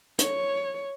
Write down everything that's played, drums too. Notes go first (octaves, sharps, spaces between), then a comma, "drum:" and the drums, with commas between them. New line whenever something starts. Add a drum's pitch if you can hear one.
C#5, drum: hi-hat